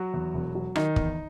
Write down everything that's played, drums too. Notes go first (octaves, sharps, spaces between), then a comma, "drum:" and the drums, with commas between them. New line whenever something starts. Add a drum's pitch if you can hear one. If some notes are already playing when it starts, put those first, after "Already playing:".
Already playing: F#3 F#4
E2
E1
F#3
D#3 D#4, drum: rim click
E2, drum: kick